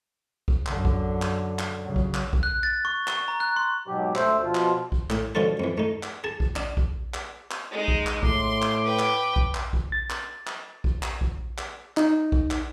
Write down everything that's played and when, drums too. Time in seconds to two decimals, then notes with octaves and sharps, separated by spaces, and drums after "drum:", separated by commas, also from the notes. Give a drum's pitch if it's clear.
0.48 drum: kick A#1
0.66 F#2 D3, drum: clap
0.85 drum: kick A#1
1.22 drum: clap
1.59 drum: clap
1.83 C#3 F#3
1.96 drum: kick A#1
2.14 drum: clap
2.33 drum: kick A#1
2.43 F#6
2.63 A6
2.85 C#6
3.07 C#6, drum: clap
3.28 A#5
3.40 F#6
3.56 C6
3.88 G#2 B2 F#3 G4
4.15 D2 A3 C5 E6, drum: clap
4.43 B2 F3 F4
4.55 drum: clap
4.92 drum: kick A#1
5.10 A2, drum: clap
5.35 B2 D3 F3 C#4 F4 A4
5.60 F2 E3
5.78 A3 D#4
6.03 drum: clap
6.24 G#4 A5
6.40 drum: kick A#1
6.56 D4, drum: clap
6.77 drum: kick A#1
7.14 drum: clap
7.51 drum: clap
7.71 G#3 D#4
7.88 drum: kick A#1
8.07 drum: clap
8.23 A2 C6 D6, drum: kick A#1
8.62 drum: clap
8.84 B4 G5
8.99 drum: clap
9.36 drum: kick A#1
9.55 drum: clap
9.73 drum: kick A#1
9.92 A6
10.10 drum: clap
10.47 drum: clap
10.84 drum: kick A#1
11.03 drum: clap
11.21 drum: kick A#1
11.58 drum: clap
11.97 D#4, drum: clap
12.32 drum: kick A#1
12.51 drum: clap